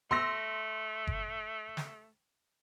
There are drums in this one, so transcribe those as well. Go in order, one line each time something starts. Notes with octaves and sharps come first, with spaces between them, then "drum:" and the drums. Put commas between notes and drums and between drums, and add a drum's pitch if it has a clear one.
A3 C6 E6 A#6
drum: kick F#1
drum: snare